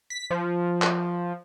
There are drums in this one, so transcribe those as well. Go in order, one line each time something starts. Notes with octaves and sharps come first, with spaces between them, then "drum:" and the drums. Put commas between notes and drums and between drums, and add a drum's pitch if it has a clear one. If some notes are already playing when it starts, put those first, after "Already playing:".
B6
F3
drum: clap